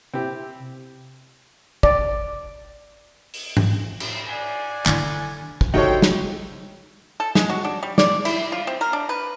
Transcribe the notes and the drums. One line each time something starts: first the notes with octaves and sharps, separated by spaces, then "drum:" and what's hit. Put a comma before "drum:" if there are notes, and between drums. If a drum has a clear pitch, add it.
C3 C4 E4 G4
D5, drum: kick
drum: open hi-hat
drum: tom G#2
drum: cymbal
D5 F#5 G#5
D3 E4, drum: clap
drum: kick
C#3 D#4 F#4 G4 A4 C5 C#5 G5
drum: snare
A4
G#3, drum: snare
F#4
D4
G3
D5, drum: snare
E4, drum: cymbal
F4
C4
A#4
D4
B4